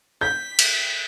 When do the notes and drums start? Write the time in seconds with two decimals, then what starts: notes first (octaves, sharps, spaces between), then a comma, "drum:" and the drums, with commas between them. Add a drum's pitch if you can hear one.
0.21 G6 B6
0.59 drum: cymbal